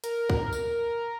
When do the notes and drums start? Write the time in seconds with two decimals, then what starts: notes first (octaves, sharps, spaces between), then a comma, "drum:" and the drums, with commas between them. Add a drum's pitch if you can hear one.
0.04 A#4, drum: hi-hat
0.30 drum: kick
0.53 drum: tambourine